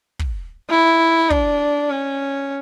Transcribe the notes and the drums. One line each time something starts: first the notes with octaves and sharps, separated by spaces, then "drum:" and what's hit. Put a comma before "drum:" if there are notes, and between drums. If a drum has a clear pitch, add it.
drum: kick
E4
D4, drum: kick
C#4